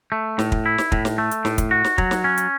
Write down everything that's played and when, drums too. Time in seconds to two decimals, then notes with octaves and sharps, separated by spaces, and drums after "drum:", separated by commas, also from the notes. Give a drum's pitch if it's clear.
0.12 A3
0.39 A2, drum: snare
0.52 drum: kick
0.66 E4
0.78 drum: snare
0.92 A2, drum: kick
1.05 drum: snare
1.18 A3
1.31 drum: hi-hat
1.45 A2, drum: snare
1.58 drum: kick, hi-hat
1.71 F#4
1.84 drum: snare
1.98 F#3, drum: kick
2.11 drum: snare
2.24 C#4
2.38 drum: hi-hat